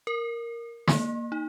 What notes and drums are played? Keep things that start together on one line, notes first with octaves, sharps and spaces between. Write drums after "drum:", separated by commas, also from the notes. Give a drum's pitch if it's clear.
A#4
A#3, drum: snare
D#4